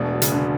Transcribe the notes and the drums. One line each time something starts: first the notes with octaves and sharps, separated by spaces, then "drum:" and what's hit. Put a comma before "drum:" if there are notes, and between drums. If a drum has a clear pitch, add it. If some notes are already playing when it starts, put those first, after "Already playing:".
Already playing: E1 B2 G#3 A3 D4
F#3
C#3, drum: hi-hat
D3